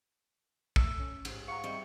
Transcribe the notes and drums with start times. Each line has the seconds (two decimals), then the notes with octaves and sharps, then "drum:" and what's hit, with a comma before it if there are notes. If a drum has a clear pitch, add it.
0.76 A3 E6, drum: kick
1.00 C#4
1.25 G#2, drum: cymbal
1.48 F5 F#5 A#5 C#6
1.64 G3 C4 D#5 E5